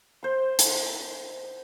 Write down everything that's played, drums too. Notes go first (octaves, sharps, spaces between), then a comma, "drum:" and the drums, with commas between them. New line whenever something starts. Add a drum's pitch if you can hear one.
C5 C6
drum: hi-hat